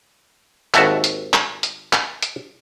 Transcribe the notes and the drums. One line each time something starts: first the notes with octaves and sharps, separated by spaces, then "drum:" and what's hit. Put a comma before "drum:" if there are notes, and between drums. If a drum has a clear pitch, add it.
G#1 D#2 F#4 E5 A5, drum: clap
drum: hi-hat
drum: clap
drum: hi-hat
drum: clap
drum: hi-hat